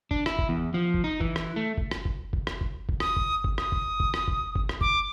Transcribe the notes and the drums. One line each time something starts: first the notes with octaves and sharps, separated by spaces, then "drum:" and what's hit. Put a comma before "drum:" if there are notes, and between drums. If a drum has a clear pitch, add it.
D4, drum: kick
E4, drum: rim click
drum: kick
E2
F3
drum: kick
D#4
E3, drum: kick
drum: rim click
A3
drum: kick
drum: rim click
drum: kick
drum: kick
drum: rim click
drum: kick
drum: kick
D#6, drum: rim click
drum: kick
drum: kick
D#6, drum: rim click
drum: kick
drum: kick
drum: rim click
drum: kick
drum: kick
drum: rim click
D6, drum: kick